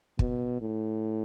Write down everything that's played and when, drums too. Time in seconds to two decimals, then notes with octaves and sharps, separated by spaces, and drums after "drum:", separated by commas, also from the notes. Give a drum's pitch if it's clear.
0.19 B2, drum: kick
0.61 A2